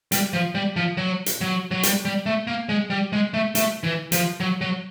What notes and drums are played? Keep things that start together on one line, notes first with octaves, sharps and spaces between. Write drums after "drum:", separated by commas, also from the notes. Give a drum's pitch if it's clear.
G3, drum: hi-hat
F3
G3
F3
F#3
drum: hi-hat
F#3
F#3
G3, drum: hi-hat
G3
A3
A#3
G#3
G3
G#3
A3
A3, drum: hi-hat
E3
F3, drum: hi-hat
F#3
F#3